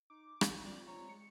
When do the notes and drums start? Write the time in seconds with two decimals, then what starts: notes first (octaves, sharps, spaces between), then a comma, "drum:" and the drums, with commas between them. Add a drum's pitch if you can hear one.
0.10 D#4 D6
0.41 D4, drum: rim click
0.66 C4 F4 D5
0.87 C#5 A#5
1.09 G#3 C#7